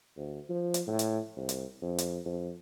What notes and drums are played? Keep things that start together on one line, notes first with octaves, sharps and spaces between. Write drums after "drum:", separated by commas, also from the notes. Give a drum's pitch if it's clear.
D2
F3
drum: hi-hat
A2
drum: hi-hat
C2
drum: hi-hat
F2
drum: hi-hat
F2